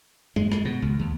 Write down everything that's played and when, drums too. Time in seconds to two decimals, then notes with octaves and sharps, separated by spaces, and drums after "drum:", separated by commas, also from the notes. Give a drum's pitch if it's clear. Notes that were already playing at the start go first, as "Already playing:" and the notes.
0.36 G#3, drum: tom G2
0.52 G#3, drum: rim click
0.65 B2
0.82 C#2
1.00 D#2